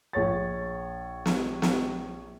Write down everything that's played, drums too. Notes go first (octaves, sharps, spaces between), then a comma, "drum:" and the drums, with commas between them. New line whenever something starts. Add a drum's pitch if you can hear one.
A#1 C#5 A6
drum: snare
drum: snare